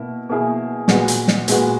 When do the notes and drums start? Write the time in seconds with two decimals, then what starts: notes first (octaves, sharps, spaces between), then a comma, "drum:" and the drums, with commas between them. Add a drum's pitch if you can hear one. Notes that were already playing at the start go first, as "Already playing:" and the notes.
Already playing: B2 A#3 E4
0.29 B2 A#3 E4 G#4
0.88 A#2 G#3 B3 F#4, drum: snare
1.08 drum: hi-hat
1.28 drum: snare
1.48 A#2 G#3 B3 F#4, drum: hi-hat